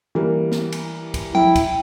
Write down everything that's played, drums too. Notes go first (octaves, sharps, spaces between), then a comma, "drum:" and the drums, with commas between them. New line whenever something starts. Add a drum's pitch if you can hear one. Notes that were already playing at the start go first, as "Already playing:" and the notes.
E3 G3 A#3
drum: snare
drum: cymbal
drum: kick, cymbal
E4 G5, drum: tom F3
drum: kick, cymbal